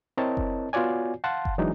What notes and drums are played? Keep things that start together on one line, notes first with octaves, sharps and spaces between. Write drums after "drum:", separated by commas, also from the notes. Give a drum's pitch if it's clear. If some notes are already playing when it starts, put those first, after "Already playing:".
C4 E4 A#4 C#5 D#5 A5
drum: kick F#1
B3 F4 F#4 C#5 D5 G#5
F5 F#5 A5 C6
drum: kick F#1
E3 F#3 G#3 D4 D#4